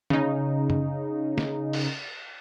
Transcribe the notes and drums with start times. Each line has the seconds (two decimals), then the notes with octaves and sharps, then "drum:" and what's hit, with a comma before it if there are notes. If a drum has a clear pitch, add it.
0.10 C#3 D#4, drum: tom D3
0.70 drum: tom F#2
1.38 drum: snare
1.73 drum: cymbal